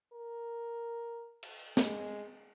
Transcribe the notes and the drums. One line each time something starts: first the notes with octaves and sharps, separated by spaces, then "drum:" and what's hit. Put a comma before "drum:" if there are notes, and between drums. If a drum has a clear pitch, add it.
A#4
drum: cymbal
G#3, drum: snare